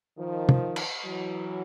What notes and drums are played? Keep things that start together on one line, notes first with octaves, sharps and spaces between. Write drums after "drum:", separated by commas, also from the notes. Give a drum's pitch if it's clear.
D#3 F3
drum: tom
drum: cymbal
E3 F#3